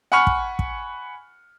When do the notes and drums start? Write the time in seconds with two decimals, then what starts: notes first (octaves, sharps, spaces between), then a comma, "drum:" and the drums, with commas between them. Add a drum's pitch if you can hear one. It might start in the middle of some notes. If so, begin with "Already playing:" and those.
0.12 F#5 G#5 B5 C#6 F6 C#7
0.27 drum: kick
0.59 drum: kick